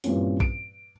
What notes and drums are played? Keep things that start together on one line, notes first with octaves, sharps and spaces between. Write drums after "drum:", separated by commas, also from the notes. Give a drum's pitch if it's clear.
G2 A#2 E3 C4 C#4, drum: open hi-hat
D7, drum: kick